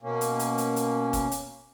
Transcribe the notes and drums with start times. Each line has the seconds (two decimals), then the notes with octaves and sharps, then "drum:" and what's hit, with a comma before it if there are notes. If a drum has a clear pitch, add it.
0.03 B2 A#3 C#4
0.21 drum: hi-hat
0.39 drum: hi-hat
0.58 drum: hi-hat
0.76 drum: hi-hat
1.13 drum: kick, hi-hat
1.31 drum: hi-hat